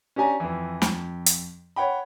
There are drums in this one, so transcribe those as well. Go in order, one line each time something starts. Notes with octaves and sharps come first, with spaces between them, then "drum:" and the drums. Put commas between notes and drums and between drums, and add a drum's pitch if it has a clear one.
C#4 D4 G4 G#5 A#5
F2 E3
F2, drum: snare
drum: hi-hat
C#5 F#5 G5 B5